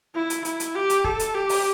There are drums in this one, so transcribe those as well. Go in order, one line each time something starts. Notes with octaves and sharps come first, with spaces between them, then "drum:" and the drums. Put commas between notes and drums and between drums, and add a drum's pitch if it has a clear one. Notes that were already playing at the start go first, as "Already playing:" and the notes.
E4
drum: hi-hat
E4, drum: hi-hat
drum: hi-hat
G4
drum: hi-hat
A4, drum: kick
drum: hi-hat
G4
drum: open hi-hat